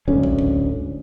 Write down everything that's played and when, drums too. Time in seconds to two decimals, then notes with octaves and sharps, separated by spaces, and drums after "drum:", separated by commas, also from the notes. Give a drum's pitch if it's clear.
0.08 D1 D2 G#2 C#4
0.23 drum: kick
0.39 drum: kick